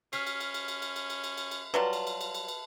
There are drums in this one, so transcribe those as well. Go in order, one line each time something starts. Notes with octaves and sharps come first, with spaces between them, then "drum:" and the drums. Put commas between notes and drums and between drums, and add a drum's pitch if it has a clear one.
C#4 F6 B6 C7, drum: cymbal
drum: cymbal
drum: cymbal
drum: cymbal
drum: cymbal
drum: cymbal
drum: cymbal
drum: cymbal
drum: cymbal
drum: cymbal
drum: cymbal
F#3 G3 F4 B4 A5 F#7
drum: cymbal
drum: cymbal
drum: cymbal
drum: cymbal
drum: cymbal